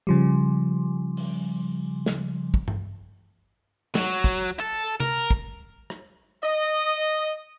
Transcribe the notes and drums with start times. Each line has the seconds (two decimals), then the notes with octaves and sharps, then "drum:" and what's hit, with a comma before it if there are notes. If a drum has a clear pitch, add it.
0.07 C#3 F3 G3
1.17 drum: open hi-hat
2.06 drum: snare
2.54 drum: kick
2.68 drum: tom G2
3.95 F#3, drum: snare
4.24 drum: kick
4.60 A4
5.00 A#4, drum: tom C3
5.31 drum: kick
5.90 drum: rim click
6.43 D#5